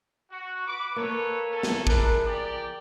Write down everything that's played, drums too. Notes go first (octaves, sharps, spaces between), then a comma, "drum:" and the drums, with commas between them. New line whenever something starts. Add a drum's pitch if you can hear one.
F#4
B4 D6
A#3 A4 B4 C#5
C#4 A4
drum: snare
F3 A3 D4 G#4 A#4 B4, drum: kick
G4 D5